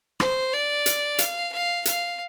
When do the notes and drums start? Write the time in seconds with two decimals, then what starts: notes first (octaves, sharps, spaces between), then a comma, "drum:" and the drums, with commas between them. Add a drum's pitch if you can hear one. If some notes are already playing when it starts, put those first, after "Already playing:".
0.20 C5, drum: rim click
0.53 D5
0.86 drum: hi-hat
1.19 F5, drum: hi-hat
1.52 F5
1.85 F5, drum: hi-hat